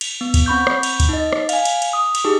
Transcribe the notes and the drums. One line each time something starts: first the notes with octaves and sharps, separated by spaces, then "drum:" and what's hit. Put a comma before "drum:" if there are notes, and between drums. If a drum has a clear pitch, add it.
drum: cymbal
B3
drum: kick D2, cymbal
C4 B5 C#6 G6
drum: rim click
drum: cymbal
drum: kick D2, cymbal
D#4 D#5
drum: rim click
F5 G#5, drum: cymbal
drum: cymbal
drum: cymbal
D#6
drum: cymbal
D#4 G4 G#4